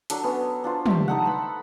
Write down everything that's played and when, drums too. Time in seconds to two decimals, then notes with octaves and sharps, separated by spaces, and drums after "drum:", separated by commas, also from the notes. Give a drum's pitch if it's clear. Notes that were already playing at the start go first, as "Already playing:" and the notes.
0.10 F#3 D4 A4, drum: hi-hat
0.24 B3 C#4
0.64 D4 F4 C5
0.86 A3 G4 A5, drum: tom
1.08 D#4 A4 F#5
1.25 B4 B5